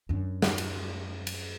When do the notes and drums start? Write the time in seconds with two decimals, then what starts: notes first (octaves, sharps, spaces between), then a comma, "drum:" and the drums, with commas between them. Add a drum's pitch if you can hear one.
0.09 F#2 D4
0.42 drum: snare
0.58 drum: cymbal
1.27 drum: cymbal